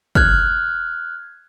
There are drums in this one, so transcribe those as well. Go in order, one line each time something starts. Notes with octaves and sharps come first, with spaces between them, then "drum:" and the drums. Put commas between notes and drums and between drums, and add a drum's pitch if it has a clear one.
F6 F#6 G#6, drum: kick